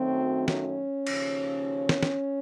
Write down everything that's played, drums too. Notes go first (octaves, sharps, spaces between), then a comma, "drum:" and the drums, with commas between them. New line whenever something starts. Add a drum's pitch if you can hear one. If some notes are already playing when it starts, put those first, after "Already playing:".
Already playing: F#2 D#3 F#3 A3 C4
C#4, drum: snare
D#2 C#3 F3, drum: cymbal
drum: snare
drum: snare